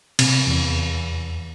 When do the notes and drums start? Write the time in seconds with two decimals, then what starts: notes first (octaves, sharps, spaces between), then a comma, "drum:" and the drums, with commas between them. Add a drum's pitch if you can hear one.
0.19 C3, drum: cymbal
0.47 E2